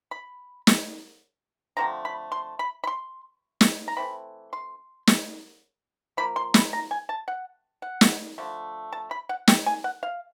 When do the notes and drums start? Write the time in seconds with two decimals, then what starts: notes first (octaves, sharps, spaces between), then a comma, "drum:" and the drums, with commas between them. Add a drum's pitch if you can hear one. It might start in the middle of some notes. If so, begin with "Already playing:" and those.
0.11 B5
0.67 drum: snare
1.77 D3 F3 A3 C4 A#5
2.05 B5
2.32 C6
2.59 B5
2.84 B5
2.87 C6
3.61 drum: snare
3.88 A#5
3.97 E3 A3 C4 B5
4.53 C6
5.07 drum: snare
6.17 F3 A#3 B5
6.36 C6
6.54 B5, drum: snare
6.73 A#5
6.91 G#5
7.09 A5
7.28 F#5
7.82 F#5
8.01 drum: snare
8.38 D3 F3 A3
8.93 A5
9.11 B5
9.29 F#5
9.48 G5, drum: snare
9.66 G#5
9.84 F#5
10.03 F5